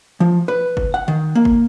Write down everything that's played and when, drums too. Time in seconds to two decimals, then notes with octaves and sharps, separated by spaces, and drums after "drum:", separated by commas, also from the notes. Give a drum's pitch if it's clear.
0.20 F3
0.48 B4
0.77 drum: kick
0.94 F#5
1.08 D#3
1.35 A#3
1.45 drum: kick